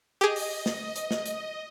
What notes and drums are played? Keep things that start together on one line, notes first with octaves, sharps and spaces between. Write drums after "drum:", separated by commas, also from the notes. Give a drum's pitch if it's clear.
G4 G#4 D#5
drum: open hi-hat
drum: snare
drum: hi-hat
drum: snare
drum: hi-hat